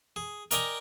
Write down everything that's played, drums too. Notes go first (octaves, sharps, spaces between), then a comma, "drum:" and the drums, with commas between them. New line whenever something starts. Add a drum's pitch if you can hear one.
G#4
A#4 D5 D#5 G5 G#5 A#5, drum: hi-hat